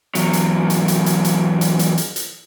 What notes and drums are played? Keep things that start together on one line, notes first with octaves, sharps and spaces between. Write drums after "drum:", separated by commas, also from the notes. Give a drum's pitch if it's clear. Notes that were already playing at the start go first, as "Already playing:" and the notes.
E2 F#3, drum: hi-hat
drum: hi-hat
drum: hi-hat
drum: hi-hat
drum: hi-hat
drum: hi-hat
drum: hi-hat
drum: hi-hat
drum: hi-hat
drum: hi-hat